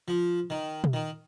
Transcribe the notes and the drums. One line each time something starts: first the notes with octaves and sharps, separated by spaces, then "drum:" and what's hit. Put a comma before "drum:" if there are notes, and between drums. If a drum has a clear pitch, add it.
F3
D#3
drum: tom
D#3